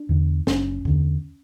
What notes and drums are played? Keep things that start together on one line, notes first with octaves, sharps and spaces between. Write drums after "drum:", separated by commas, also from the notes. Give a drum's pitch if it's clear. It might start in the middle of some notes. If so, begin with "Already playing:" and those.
Already playing: D4
E2 D3
F#1 C#4, drum: snare
E2 D3, drum: kick C#2